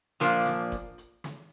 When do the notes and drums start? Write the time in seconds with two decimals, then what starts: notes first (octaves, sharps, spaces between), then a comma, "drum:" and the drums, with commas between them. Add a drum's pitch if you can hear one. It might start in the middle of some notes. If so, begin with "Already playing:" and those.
0.20 A#2 F3 A#3 D4, drum: hi-hat
0.46 drum: snare
0.72 drum: kick F#1, hi-hat
0.98 drum: hi-hat
1.24 drum: snare